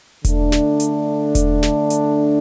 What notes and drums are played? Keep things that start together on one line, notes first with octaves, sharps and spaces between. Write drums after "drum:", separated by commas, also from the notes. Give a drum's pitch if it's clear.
D3 A3 D4, drum: kick E1, hi-hat
drum: snare
drum: hi-hat
drum: kick E1, hi-hat
drum: snare
drum: hi-hat